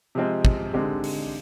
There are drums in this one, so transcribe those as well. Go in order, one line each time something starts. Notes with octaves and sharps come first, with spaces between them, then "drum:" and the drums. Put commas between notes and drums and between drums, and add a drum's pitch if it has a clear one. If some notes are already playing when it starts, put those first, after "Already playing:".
C3 F3 G#3 C4
drum: kick
D3 G#3 C4 D#4 G4
drum: open hi-hat